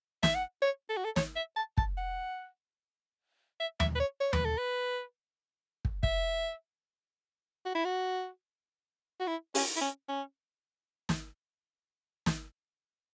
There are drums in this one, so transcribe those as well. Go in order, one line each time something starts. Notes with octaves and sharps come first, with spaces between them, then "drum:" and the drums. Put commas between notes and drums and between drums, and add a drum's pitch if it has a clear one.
E5, drum: snare
F#5
C#5
A4
F#4
A4
C#5, drum: snare
E5
A5
A5, drum: kick
F#5
E5
E5, drum: tom D#2
B4
C#5
C#5
B4, drum: tom D#2
A4
B4
drum: kick
E5, drum: kick
F#4
E4
F#4
F#4
E4
C#4, drum: open hi-hat
E4
C#4
C#4
drum: snare
drum: snare